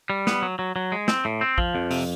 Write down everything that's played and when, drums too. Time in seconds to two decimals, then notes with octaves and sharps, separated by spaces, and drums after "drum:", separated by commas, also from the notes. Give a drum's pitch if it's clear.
0.10 G3
0.27 B3, drum: snare
0.42 F#3
0.59 F#3
0.76 F#3
0.92 G#3
1.08 C4, drum: snare
1.25 A2
1.41 C4
1.58 F3, drum: kick
1.75 F2
1.91 C3, drum: open hi-hat